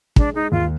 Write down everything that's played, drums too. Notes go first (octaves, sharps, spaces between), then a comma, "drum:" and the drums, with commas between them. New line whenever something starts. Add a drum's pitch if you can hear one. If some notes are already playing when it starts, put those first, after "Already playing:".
G#3 D4, drum: kick
G#3 D#4
D#2 F4